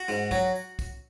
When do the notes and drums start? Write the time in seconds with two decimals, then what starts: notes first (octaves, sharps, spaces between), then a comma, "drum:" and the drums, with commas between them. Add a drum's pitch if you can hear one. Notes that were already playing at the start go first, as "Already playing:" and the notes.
Already playing: F#4
0.08 G#2, drum: tambourine
0.31 F#3, drum: kick, tambourine
0.55 drum: tambourine
0.79 drum: kick, tambourine